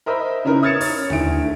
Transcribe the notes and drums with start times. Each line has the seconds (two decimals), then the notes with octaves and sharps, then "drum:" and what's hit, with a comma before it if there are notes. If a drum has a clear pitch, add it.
0.06 A#4 C5 D#5 E5 B5
0.45 C#3 C#4 D#4 E4 A#4 B4
0.62 D#6 F6 G#6 A6 C#7 E7
0.81 C#5 A6, drum: open hi-hat
1.10 D2 D3 D#3 E4 D7, drum: tom D#2
1.40 A3